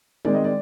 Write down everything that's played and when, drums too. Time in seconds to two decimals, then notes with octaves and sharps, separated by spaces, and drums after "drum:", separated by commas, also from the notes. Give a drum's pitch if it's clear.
0.25 D#3 G#3 C4 D5, drum: tom G3
0.35 D#5
0.44 D5